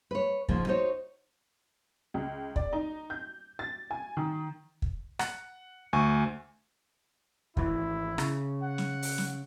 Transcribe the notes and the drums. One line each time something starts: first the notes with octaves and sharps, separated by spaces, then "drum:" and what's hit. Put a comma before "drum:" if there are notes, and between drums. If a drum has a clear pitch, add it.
B4 C#5
G#2 C#3 F3 A#3, drum: kick
D#4 F#4 C5 C#5
C#2
D5, drum: kick
D#4
G6
A6
G#5
D#3
drum: kick
F#5, drum: rim click
D2 G#5 C#6
G#1 E3 E4, drum: kick
C#3, drum: rim click
F#5
drum: snare
drum: open hi-hat
drum: snare